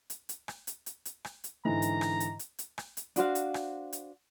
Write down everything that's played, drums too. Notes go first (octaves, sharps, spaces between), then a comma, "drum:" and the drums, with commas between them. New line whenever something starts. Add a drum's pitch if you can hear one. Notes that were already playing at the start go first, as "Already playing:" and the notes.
drum: hi-hat
drum: hi-hat
drum: rim click
drum: hi-hat
drum: hi-hat
drum: hi-hat
drum: rim click
drum: hi-hat
G#2 D3 E3 A#5
drum: hi-hat
drum: rim click
drum: hi-hat
drum: hi-hat
drum: hi-hat
drum: rim click
drum: hi-hat
D4 F#4 C5 F5, drum: hi-hat
drum: hi-hat
drum: rim click
drum: hi-hat